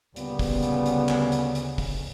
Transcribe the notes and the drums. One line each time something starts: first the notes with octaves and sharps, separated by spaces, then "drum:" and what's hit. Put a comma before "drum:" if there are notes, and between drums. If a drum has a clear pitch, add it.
D2 A#2 C#3 G3 B3, drum: hi-hat
drum: kick, open hi-hat
drum: hi-hat
drum: hi-hat
drum: clap
drum: hi-hat
drum: hi-hat
drum: kick, open hi-hat